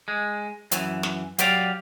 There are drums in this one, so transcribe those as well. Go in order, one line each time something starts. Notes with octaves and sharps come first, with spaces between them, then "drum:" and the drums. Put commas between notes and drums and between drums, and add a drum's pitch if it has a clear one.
G#3
F#2 E3, drum: hi-hat
drum: snare
F#3 G4 D5 F5, drum: hi-hat